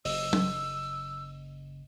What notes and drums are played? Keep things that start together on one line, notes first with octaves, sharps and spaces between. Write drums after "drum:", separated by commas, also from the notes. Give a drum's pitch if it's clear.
F#1 D#5 E6, drum: open hi-hat
drum: tom